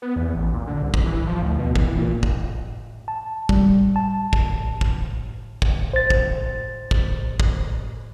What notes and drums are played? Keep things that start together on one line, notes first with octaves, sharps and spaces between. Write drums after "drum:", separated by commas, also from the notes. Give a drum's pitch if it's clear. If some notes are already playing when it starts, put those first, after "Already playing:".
B3
E2
A1
A#2
D3
C2
drum: kick
E3
F3
D2
B2
E3, drum: kick
A#2
drum: kick
A5
G3, drum: kick
A5
drum: kick
drum: kick
drum: kick
C5 A6
drum: kick
drum: kick
drum: kick